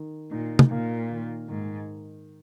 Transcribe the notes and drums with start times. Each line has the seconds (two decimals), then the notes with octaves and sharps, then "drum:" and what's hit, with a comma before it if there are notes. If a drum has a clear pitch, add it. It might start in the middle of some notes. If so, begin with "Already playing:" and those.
Already playing: D#3
0.31 A#2 D#4
0.59 drum: tom
0.71 A#2 A#3
1.10 D#3
1.48 G#2 D#3